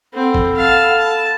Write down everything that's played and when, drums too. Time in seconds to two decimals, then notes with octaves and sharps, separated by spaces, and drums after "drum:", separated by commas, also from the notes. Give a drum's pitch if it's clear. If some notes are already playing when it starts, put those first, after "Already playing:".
0.14 C4 A4 F#5 B5
0.35 drum: kick G1
0.55 F5 A5
0.97 A5